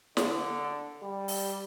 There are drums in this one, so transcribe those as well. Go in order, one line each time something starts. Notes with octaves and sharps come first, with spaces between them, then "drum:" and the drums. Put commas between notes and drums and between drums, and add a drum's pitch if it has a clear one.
D3, drum: snare
G3
drum: open hi-hat